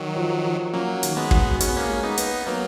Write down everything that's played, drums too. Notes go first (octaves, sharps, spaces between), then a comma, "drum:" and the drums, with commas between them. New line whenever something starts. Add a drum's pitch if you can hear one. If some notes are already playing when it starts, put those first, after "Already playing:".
Already playing: D#3 F#3
F3
F3
F#3 A#3 C#4
D#3, drum: hi-hat
G#3 B3
F#4, drum: kick
C#4 G#4, drum: hi-hat
B3
A#3 C#4
G#3
B3 D#4
B4, drum: hi-hat
F#3 A#3 B3